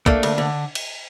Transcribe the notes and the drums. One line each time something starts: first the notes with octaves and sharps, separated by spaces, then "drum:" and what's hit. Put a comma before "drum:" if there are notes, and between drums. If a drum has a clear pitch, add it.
A3 A#3 D4, drum: kick
D2, drum: cymbal
D3
drum: cymbal